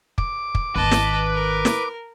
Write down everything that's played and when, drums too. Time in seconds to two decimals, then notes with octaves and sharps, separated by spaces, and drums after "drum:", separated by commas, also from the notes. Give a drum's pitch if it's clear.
0.18 D6, drum: kick
0.55 drum: kick
0.76 G#1 D#3 B4 D#5 A5
0.91 drum: snare
1.35 A#4
1.65 drum: snare